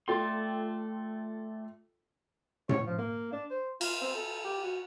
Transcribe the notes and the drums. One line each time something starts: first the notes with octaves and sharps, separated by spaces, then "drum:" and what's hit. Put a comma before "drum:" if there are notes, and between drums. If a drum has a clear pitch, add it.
A3 F4 A4 D5 G5 C6
C#5, drum: tom A2
F3
A#3
D4
C5
F4, drum: cymbal
C4
A4
G4
F#4